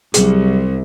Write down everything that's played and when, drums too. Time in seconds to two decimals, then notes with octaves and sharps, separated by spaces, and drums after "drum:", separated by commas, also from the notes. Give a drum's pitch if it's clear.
0.14 C2 F#3 G#4, drum: hi-hat